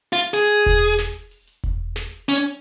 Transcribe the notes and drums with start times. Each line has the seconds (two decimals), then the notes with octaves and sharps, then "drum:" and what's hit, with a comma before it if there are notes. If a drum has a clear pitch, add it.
0.13 F4
0.34 G#4, drum: open hi-hat
0.50 drum: hi-hat
0.66 drum: kick E1, hi-hat
0.99 drum: snare
1.15 drum: hi-hat
1.31 drum: open hi-hat
1.47 drum: hi-hat
1.64 drum: kick E1, hi-hat
1.96 drum: snare
2.12 drum: hi-hat
2.29 C#4, drum: open hi-hat
2.45 drum: hi-hat